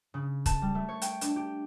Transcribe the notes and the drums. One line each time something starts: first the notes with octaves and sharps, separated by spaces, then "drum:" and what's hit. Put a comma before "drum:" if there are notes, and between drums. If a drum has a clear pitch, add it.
C#3
A5, drum: kick, hi-hat
G3
A3
C#5
G5, drum: hi-hat
D4, drum: hi-hat
G4